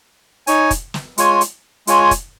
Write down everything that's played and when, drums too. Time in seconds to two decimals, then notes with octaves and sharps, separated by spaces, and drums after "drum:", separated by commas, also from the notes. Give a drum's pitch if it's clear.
0.47 D#4 C#5 G#5, drum: hi-hat
0.71 drum: kick, hi-hat
0.94 drum: snare
1.18 G#3 F4 C#5 G#5, drum: hi-hat
1.41 drum: hi-hat
1.87 G#3 F4 C#5 G#5, drum: hi-hat
2.11 drum: kick, hi-hat